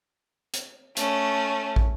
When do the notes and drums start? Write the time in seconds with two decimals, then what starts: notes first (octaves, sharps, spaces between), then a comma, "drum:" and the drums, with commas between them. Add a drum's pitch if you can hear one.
0.54 drum: hi-hat
0.97 A3 C#4, drum: hi-hat
1.76 drum: kick